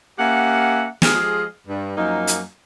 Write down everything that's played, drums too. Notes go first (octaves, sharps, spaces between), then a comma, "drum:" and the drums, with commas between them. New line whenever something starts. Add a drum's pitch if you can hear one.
A#3 C#4 G4 E5 F#5
F3 G#3 G4 G#4 D#5 F5, drum: snare
G2
F#2 F3 A#3 D#4
drum: hi-hat